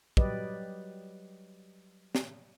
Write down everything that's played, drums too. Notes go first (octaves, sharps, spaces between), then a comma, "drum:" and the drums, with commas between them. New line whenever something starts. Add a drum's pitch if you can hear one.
F#3 G3 G4 B4 D5 D#5, drum: kick
drum: snare